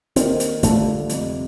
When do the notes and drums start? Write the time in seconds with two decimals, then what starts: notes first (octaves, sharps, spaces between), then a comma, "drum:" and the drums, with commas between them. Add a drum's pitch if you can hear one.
0.16 D#2 D#3 A#3 C4 D#4 A#4, drum: hi-hat
0.40 drum: hi-hat
0.63 D3 G3 A3 D4 F4, drum: kick, hi-hat
1.09 F2 C3 G3, drum: hi-hat